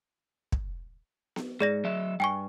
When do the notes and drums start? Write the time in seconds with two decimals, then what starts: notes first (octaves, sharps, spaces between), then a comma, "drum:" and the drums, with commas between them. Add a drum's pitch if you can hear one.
0.52 drum: kick
1.36 drum: snare B3
1.61 G#2 G#4 D5 A#6
1.85 F#3 D#5 E5
2.20 G2 G5 G#5 C#6